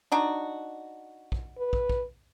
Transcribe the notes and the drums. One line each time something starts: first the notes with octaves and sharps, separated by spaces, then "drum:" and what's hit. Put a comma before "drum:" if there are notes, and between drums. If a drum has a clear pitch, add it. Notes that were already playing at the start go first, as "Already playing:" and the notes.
D4 D#4 F#4
drum: kick
B4
drum: kick
drum: kick